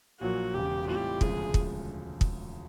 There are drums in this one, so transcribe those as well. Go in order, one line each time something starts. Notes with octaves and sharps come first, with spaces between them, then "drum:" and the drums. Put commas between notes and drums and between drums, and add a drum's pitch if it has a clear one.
A#1 A#2 F#3 A#3 F#4
E1 E2 C#3 G4
A2 E3 G3 C4 F4 G4
E1 D2 C#3 F3 G#3 G#4, drum: kick
drum: kick
drum: kick